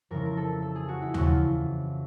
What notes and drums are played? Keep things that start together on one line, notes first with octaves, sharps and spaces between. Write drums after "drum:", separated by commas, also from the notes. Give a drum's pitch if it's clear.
F2 C#3 E3 A#4
A#4
A4
A4
G#4
F#4
E4
F2 C#3 E3 F#4, drum: tom D#2
F4